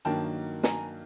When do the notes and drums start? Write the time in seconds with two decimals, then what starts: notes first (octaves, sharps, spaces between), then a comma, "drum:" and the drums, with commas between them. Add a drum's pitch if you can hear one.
0.05 G2 D#3 F#3 A#3 G5 A5
0.63 G#5 A#5, drum: snare